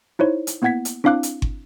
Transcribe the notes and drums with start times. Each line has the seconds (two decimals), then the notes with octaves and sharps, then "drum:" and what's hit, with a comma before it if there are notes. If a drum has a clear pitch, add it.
0.19 D#4 E4 C5 C#5
0.47 drum: hi-hat
0.62 A#3 B3 E4 F#5 G#6 B6
0.85 drum: hi-hat
1.04 C4 D4 E4 F5 D6 F#6
1.23 drum: hi-hat
1.42 drum: kick G1